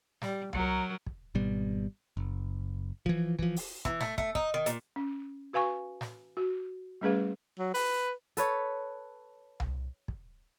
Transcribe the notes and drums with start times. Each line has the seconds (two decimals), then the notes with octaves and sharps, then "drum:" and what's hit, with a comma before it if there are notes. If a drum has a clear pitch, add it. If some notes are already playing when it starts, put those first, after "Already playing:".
0.22 G3, drum: snare
0.53 F#3 A#4, drum: tom C2
1.06 drum: kick
1.35 G#1 B2 G3
2.17 F#1
3.06 E3 F3, drum: kick
3.39 E3 F3, drum: kick
3.56 drum: open hi-hat
3.85 E3, drum: kick
4.01 A3, drum: snare
4.18 A3, drum: kick
4.35 D#4, drum: kick
4.54 D#3
4.66 A#2, drum: hi-hat
4.96 C#4
5.53 F#4 B4 F5 G#5 C#6
6.01 drum: snare
6.37 F#4
7.01 G3 A3 C#4 G#4 B4 F5
7.59 F#3
7.74 B4, drum: open hi-hat
8.37 A4 B4 C#5, drum: hi-hat
9.60 drum: tom C2
10.08 drum: kick